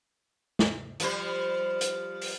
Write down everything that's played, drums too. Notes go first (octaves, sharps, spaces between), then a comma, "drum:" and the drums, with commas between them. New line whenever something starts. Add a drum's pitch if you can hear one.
drum: snare
F3 G3 C5, drum: hi-hat
drum: hi-hat
drum: open hi-hat